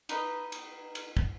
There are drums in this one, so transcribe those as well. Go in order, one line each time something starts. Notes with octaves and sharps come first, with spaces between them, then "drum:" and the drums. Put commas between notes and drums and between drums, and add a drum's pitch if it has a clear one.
D#4 B4 D#5, drum: cymbal
drum: cymbal
drum: cymbal
drum: kick